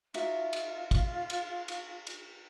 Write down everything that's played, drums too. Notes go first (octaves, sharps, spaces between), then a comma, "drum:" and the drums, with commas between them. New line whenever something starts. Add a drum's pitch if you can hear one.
D#4 F4 F#4 E5, drum: cymbal
drum: cymbal
drum: kick, cymbal
drum: cymbal
drum: cymbal
drum: cymbal